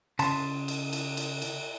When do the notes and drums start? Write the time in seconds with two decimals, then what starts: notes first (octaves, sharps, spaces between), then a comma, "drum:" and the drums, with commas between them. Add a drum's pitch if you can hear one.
0.19 C#3 A5 C6, drum: cymbal
0.68 drum: cymbal
0.93 drum: cymbal
1.17 drum: cymbal
1.42 drum: cymbal